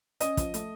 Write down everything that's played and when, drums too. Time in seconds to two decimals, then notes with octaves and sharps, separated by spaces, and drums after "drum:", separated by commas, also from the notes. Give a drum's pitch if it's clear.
0.20 C#4 D#5, drum: hi-hat
0.37 F3, drum: kick, hi-hat
0.54 A3, drum: hi-hat